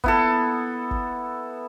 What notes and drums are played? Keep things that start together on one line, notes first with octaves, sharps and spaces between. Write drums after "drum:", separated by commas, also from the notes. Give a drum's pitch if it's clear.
B3 E4 A4, drum: kick
drum: kick